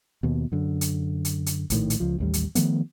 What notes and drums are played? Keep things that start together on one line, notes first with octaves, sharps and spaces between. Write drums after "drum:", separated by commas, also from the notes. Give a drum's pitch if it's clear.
D#2 B2
F#2 D3
drum: hi-hat
drum: hi-hat
drum: hi-hat
A#1 A2 D#3, drum: hi-hat
drum: hi-hat
C#2 F3
A1 D#2 G3
drum: hi-hat
D#3 F3 A3 B3, drum: hi-hat